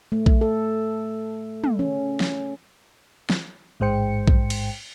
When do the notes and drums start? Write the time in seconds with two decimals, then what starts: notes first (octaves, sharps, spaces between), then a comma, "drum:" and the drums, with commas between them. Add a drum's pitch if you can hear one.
0.12 A3
0.26 drum: kick A#1
0.41 A4
1.64 drum: tom
1.79 C#4
2.20 drum: snare
3.30 drum: snare
3.80 A1 G#2 G#3 C5 G5 C#7
4.28 drum: kick A#1
4.50 drum: cymbal